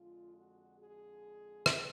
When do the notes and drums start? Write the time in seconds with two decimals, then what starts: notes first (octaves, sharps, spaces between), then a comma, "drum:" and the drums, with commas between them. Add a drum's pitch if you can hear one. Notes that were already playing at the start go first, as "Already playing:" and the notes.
Already playing: F2 D3 G#3 F4
0.35 F#4
0.79 G#4
1.66 drum: rim click